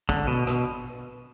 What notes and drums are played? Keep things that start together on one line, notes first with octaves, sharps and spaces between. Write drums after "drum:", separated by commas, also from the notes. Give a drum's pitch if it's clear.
D3, drum: kick
B2
B2, drum: rim click